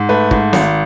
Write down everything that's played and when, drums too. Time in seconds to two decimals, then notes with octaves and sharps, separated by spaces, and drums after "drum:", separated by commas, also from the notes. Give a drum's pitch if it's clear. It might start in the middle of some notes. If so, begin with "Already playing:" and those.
Already playing: G#2
0.09 A3 B4
0.31 G#2, drum: kick
0.53 G#1, drum: snare C4